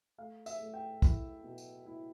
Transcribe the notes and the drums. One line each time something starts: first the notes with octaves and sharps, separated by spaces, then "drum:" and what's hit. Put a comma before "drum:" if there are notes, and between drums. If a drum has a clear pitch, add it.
A3 F5
E5, drum: tambourine
A3
G5
E4, drum: kick, tambourine
B2
drum: tambourine
E4